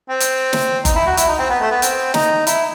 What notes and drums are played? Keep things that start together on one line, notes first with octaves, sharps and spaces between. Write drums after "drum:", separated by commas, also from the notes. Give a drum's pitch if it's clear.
C4
drum: hi-hat
drum: snare
D#4, drum: kick F#1, hi-hat
E4
F#4
E4, drum: hi-hat
D#4
C4
B3
A3
B3
C4, drum: hi-hat
D#4, drum: snare
E4, drum: hi-hat